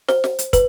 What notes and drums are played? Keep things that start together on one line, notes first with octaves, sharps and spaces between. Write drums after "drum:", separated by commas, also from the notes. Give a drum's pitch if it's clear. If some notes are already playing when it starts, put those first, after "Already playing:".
C5, drum: snare
drum: snare
drum: hi-hat
B4, drum: kick, hi-hat